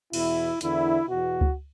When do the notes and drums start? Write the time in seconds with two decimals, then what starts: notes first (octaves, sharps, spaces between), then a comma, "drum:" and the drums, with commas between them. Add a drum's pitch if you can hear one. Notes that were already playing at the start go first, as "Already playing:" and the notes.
0.13 E2 B2 E4, drum: cymbal
0.61 E2 D3 E4, drum: hi-hat
1.08 E2 B2 F#4
1.41 drum: kick C#2